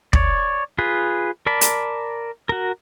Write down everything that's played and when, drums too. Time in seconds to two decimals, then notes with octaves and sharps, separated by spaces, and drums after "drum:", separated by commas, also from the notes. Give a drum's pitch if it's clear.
0.13 C#5 D5, drum: kick
0.78 F4 G#4 B4
1.46 A#4 D5 A5 B5
1.61 drum: hi-hat
2.49 F#4 A#4